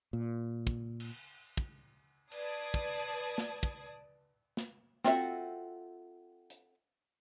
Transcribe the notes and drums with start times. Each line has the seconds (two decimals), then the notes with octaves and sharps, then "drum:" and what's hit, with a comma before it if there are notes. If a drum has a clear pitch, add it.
0.13 A#2
0.67 drum: kick
1.00 drum: cymbal
1.57 drum: kick
2.32 B4 D5 A5 D#6 G#6 C7, drum: cymbal
2.74 drum: kick
3.38 drum: snare
3.63 drum: kick
4.57 drum: snare
5.04 C4 F4 F#4 A4 E5, drum: snare
6.50 drum: hi-hat